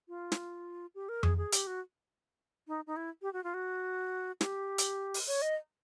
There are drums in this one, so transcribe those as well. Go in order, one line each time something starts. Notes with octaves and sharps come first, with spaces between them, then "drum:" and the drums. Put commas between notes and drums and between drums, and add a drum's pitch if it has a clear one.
F4
drum: snare
G4
A#4
G#4, drum: tom F2
G#4
G4, drum: hi-hat
F#4
D#4
D#4
E4
G4
F#4
F4
F#4
G4, drum: snare
drum: hi-hat
drum: open hi-hat
C#5
D#5